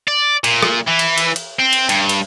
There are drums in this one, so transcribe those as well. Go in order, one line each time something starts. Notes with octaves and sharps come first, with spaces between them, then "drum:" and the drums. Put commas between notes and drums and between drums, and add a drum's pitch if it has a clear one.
D5
A#2, drum: cymbal
drum: rim click
E3
drum: cymbal
drum: cymbal
drum: cymbal
C4
drum: cymbal
G2, drum: cymbal
drum: cymbal